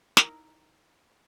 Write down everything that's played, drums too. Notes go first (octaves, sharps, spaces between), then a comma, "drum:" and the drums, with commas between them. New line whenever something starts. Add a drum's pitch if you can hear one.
D#4 E4 A#4, drum: snare